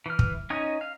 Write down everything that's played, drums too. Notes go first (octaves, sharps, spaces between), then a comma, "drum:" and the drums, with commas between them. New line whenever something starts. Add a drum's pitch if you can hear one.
E3 F6
drum: kick
C#4 D#4 C#5 D#5 G#5
F5